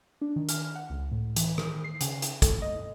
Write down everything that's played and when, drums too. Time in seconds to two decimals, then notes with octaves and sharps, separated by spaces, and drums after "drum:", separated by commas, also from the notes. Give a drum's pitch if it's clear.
0.21 D4
0.36 D#3
0.49 F6, drum: hi-hat
0.75 F#5
0.90 C#2
1.12 A2
1.36 E3, drum: hi-hat
1.58 D#3, drum: rim click
1.84 C7
2.01 C#3, drum: hi-hat
2.22 drum: hi-hat
2.42 A4, drum: kick, hi-hat
2.62 D#5